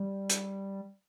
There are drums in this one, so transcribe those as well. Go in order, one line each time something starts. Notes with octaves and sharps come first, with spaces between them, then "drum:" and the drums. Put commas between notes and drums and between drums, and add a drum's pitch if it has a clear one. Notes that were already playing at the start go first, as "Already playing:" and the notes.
Already playing: G3
drum: hi-hat